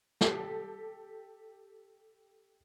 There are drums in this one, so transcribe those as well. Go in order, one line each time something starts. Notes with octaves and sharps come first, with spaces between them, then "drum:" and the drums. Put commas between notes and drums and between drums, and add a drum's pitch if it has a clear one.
G4 A4, drum: snare